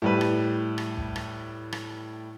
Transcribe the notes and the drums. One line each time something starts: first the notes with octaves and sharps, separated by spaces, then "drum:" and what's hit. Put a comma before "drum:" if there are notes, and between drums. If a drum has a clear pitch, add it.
A2 G3 B4
drum: rim click
drum: rim click
drum: kick
drum: rim click
drum: rim click